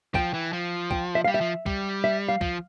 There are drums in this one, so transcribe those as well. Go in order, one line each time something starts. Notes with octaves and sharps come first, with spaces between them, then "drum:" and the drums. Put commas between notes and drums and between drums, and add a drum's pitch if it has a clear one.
F3 G5, drum: kick
E3
F3
G5, drum: kick
E5
G3 F5
E5
F3
G3, drum: kick
E5
F5
F3, drum: kick